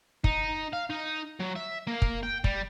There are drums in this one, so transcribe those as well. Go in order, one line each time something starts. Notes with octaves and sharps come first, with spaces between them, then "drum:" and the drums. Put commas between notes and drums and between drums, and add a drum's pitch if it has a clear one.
D#4, drum: kick
F5
D#4
F#3
E5
A#3
drum: kick
G5
G3, drum: kick